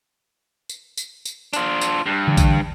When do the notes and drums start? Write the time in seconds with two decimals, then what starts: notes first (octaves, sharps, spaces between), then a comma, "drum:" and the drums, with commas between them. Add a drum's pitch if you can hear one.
0.69 drum: tambourine
0.97 drum: tambourine
1.25 drum: tambourine
1.53 D4 F4, drum: tambourine
1.81 drum: tambourine
2.06 G2
2.28 D3 E3
2.37 drum: kick A#1, tambourine